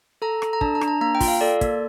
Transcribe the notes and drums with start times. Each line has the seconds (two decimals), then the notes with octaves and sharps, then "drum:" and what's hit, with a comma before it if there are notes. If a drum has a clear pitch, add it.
0.22 A4 A#5
0.42 A4, drum: rim click
0.53 A#5
0.61 D4 A5, drum: kick
0.75 A#5
0.81 D4, drum: rim click
0.88 A#5
1.01 A#3 A#5
1.15 G5
1.20 F4, drum: kick, open hi-hat
1.28 F5
1.41 A4 D5
1.61 A#3, drum: kick, hi-hat